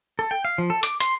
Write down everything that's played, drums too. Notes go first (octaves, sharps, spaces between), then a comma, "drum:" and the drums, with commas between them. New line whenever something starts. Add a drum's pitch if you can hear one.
A4
G5
F5
F3
A4
D6, drum: hi-hat
C6, drum: hi-hat